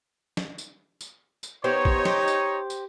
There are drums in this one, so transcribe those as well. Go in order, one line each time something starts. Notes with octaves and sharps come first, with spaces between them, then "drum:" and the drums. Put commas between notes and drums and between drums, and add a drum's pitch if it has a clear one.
drum: snare
drum: tambourine
drum: tambourine
drum: tambourine
B3 D#4 G4 C5 C#5
drum: kick
G4 C5, drum: snare
drum: tambourine
drum: tambourine